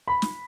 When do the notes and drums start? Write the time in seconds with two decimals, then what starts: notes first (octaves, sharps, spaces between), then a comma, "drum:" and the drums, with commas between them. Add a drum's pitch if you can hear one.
0.08 B5
0.22 drum: snare